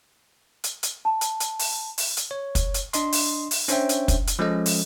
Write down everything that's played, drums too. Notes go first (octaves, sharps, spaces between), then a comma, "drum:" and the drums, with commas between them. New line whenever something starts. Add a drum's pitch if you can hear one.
drum: hi-hat
drum: hi-hat
A5
drum: hi-hat
drum: hi-hat
drum: open hi-hat
drum: open hi-hat
drum: hi-hat
C#5
drum: kick, hi-hat
drum: hi-hat
D4 D#5 C6, drum: hi-hat
drum: open hi-hat
drum: open hi-hat
C#4 D4 C5 C#5 E5 G5, drum: hi-hat
drum: hi-hat
drum: kick, hi-hat
drum: hi-hat
F3 G#3 C#4 A4 D#5
drum: open hi-hat